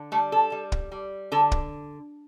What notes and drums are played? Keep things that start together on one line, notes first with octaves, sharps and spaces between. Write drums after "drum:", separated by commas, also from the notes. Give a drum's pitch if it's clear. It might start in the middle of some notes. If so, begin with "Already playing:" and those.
Already playing: D3
G3 A3
A4
G3
drum: kick
G3
D3 A4
drum: kick